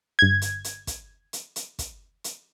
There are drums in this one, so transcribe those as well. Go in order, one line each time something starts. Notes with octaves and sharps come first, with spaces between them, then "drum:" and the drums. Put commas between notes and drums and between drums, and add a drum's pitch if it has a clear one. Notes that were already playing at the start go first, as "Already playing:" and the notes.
G1 G#6
drum: hi-hat
drum: hi-hat
drum: kick, hi-hat
drum: hi-hat
drum: hi-hat
drum: kick, hi-hat
drum: hi-hat